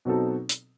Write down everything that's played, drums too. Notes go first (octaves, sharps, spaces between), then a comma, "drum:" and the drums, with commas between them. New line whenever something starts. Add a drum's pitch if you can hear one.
B2 F#3 C4 D#4 A4
drum: hi-hat